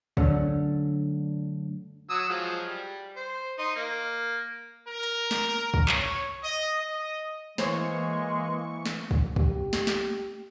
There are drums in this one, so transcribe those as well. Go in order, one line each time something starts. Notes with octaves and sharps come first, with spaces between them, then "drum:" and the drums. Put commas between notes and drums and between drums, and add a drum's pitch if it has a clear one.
F#2 D3 F#3 A3 C#4 D4, drum: kick
F#3 D#6 E6
F3 F#3 G#3
G3
C5
D#4 D#5 C6
A#3
A#4
drum: hi-hat
drum: snare
drum: kick
C#5, drum: clap
D#5
D#5
E3 G#3 A#3 C5 C#5 C#6, drum: snare
drum: snare
drum: kick
G4, drum: kick
drum: snare
drum: snare